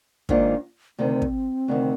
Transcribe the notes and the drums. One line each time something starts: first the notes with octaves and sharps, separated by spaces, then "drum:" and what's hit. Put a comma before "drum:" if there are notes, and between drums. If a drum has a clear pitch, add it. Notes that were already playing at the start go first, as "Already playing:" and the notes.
G#2 D#3 A#3 D4 F4, drum: kick
D2 C3 D#3 C4
drum: kick
D2 C3 D#3